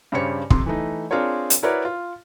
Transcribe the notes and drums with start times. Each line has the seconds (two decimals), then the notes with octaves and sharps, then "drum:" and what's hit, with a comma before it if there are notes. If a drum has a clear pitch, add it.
0.12 G2 C#3 G4 C5 C#5 C#7
0.50 F2 C3 C6, drum: kick
0.66 E3 A3 D#4
1.11 C4 D4 F4 G#4 A#4 C#5
1.50 drum: hi-hat
1.63 E4 F#4 A#4 B4 C#5 D5
1.85 F4